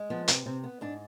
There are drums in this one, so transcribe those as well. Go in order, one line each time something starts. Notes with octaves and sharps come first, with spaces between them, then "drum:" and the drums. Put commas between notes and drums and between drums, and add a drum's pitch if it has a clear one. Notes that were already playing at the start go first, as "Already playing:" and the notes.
Already playing: G#3
F3 B3
C3, drum: hi-hat
C3 C4
B3
G#2 D4